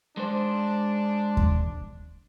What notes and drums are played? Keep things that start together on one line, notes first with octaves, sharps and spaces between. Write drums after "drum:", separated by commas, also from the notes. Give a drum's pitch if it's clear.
G#3 D4 C5
drum: kick D#2